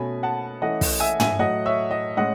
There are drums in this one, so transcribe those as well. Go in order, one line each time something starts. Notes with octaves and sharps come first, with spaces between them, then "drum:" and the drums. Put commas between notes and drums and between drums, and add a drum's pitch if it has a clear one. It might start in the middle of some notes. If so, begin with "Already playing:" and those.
Already playing: B2 A3 C#4 G#5 B5
F#5 A5
E3 A3 C#4 D#5 F#5
drum: kick, open hi-hat
E5 G#5
E5 G#5, drum: tom
A2 F#3 A3 D#5 F#5
C#5 E5
D#5
A2 G#3 C#4 D#5 F#5